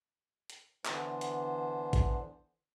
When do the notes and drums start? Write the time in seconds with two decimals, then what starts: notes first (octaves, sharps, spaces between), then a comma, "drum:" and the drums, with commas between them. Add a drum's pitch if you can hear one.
0.50 drum: hi-hat
0.85 D3 E3 B3 D4 C5, drum: clap
1.21 drum: hi-hat
1.93 drum: kick G#1, hi-hat